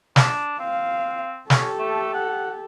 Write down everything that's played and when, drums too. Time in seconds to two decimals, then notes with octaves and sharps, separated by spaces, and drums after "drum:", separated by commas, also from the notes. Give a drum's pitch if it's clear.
0.16 D4, drum: snare
0.59 C4 F5
1.50 C#4 G4 A4, drum: snare
1.79 A3
2.14 F#5